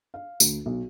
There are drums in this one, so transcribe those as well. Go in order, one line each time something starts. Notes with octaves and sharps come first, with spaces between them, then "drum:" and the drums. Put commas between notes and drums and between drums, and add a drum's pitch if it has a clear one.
F5
D2, drum: tambourine
B1